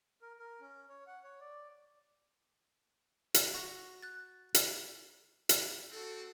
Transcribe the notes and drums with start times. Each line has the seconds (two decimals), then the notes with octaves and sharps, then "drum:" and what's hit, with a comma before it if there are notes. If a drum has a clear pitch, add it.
0.22 A#4
0.39 A#4
0.61 C#4
0.89 C#5
1.07 F#5
1.24 C#5
1.40 D5
3.34 drum: hi-hat
3.54 F#4 A#5
4.02 F#6 A6
4.54 drum: hi-hat
5.49 drum: hi-hat
5.91 C4 F#4 A4